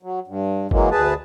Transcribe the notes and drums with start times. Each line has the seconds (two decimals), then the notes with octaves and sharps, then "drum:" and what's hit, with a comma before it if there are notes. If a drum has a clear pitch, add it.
0.03 F#3
0.28 G2
0.71 E3 F#3 G#3 A#3, drum: kick
0.91 D2 G#4 B4 A5